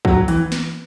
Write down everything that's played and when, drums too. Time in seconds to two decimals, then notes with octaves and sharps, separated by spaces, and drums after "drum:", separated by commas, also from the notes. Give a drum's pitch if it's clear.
0.05 F#3, drum: kick
0.28 E3, drum: hi-hat
0.52 drum: snare